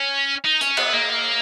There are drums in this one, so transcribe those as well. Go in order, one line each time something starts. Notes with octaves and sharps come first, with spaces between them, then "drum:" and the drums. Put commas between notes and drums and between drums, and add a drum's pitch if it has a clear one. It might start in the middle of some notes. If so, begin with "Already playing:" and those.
Already playing: C#4
D#4
C#4, drum: hi-hat
B3, drum: cymbal
A#3